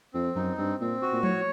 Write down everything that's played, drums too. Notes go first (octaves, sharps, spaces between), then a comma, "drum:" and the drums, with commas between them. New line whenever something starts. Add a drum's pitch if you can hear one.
F2 C4
F#2 D#4
G2 C4
A#2 C4
F#4
A#2
A2 C#5, drum: tom F3